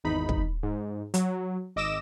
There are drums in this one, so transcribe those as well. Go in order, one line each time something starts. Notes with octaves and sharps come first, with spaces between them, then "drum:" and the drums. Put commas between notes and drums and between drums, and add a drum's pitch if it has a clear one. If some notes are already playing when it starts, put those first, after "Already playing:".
G#1 E2 D#4 B5
drum: kick
G#2
F#3, drum: hi-hat
G#1 D#5 D6 E6 A#6 E7